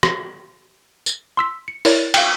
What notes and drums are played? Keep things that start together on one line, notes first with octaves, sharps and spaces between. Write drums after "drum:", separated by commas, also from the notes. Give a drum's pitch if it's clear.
drum: rim click
drum: tambourine
C6 E6 B6
C#7
E4 A#4 C#5 D5, drum: open hi-hat
F5 G5, drum: cymbal